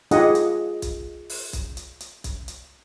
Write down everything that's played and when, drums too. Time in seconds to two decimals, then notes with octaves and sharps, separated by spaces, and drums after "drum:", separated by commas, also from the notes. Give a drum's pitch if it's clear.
0.11 D#4 F4 G4 G#4 D#5 F#5, drum: hi-hat
0.35 drum: hi-hat
0.82 drum: kick, hi-hat
1.30 drum: open hi-hat
1.53 drum: kick, hi-hat
1.77 drum: hi-hat
2.00 drum: hi-hat
2.24 drum: kick, hi-hat
2.48 drum: hi-hat